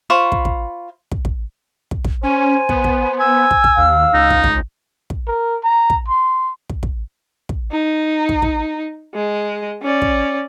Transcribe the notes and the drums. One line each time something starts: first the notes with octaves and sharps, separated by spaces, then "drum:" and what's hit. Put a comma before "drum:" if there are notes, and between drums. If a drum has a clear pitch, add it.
F4 C5 B5 C#6
drum: kick
drum: kick
drum: kick
drum: kick
drum: kick
drum: kick
C#4 C5 G#5
B3, drum: kick
drum: kick
G#5 E6
drum: kick
drum: kick
D#2 F5
C#2 D#4
drum: kick
drum: kick
drum: kick
A#4
A#5
drum: kick
C6
drum: kick
drum: kick
drum: kick
D#4
drum: kick
drum: kick
G#3 D#5
C#4 D5
drum: kick